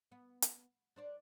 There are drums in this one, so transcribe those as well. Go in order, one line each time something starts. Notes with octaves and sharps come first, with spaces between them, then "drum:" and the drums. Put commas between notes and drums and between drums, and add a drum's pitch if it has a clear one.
B3
drum: hi-hat
D4 C5 D5